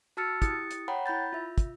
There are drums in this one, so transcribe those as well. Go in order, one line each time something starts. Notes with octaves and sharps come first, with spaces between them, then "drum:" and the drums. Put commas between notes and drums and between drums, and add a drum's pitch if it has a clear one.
F#4 A5 E6 F6 A6 C#7
E4 G4 D#6 A6 C#7, drum: kick, hi-hat
drum: hi-hat
C#5 F#5 G5 A#5 B5
E4 B5 G6 A6
F4 E5
drum: kick, hi-hat